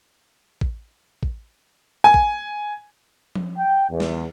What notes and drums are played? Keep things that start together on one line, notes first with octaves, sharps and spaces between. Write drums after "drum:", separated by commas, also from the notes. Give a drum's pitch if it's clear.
drum: kick A1
drum: kick A1
G#5
drum: kick A1
drum: tom F3
G5
E2
drum: snare